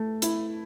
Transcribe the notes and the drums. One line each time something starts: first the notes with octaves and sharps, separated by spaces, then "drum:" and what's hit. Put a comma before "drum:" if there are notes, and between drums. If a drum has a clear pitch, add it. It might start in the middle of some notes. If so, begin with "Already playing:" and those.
Already playing: A3
E4, drum: hi-hat